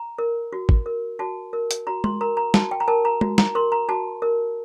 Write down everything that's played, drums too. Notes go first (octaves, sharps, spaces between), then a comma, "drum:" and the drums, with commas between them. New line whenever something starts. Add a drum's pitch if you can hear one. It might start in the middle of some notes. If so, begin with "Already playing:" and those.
Already playing: A#5
A#4
F#4
drum: kick
A#4
F#4 A5
A#4
drum: hi-hat
F#4 A#5
C6, drum: tom G#3
A#4 A#5
A#5
F#4 A5, drum: snare
G5
A#5
A#4 A5
A#5
F#4, drum: tom G#3
A#5, drum: snare
A#4 C6
A#5
F#4 A5
A#4